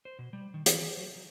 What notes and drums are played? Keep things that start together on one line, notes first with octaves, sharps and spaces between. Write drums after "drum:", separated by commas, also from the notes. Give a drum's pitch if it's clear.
C5
B2
G3
D#3
E3, drum: hi-hat
G#4
F#3
F#3